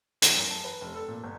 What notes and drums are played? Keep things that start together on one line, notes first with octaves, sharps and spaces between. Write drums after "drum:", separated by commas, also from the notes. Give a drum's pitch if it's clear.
E2, drum: hi-hat
F#2
A5
B4
F1
A4
A#2
G1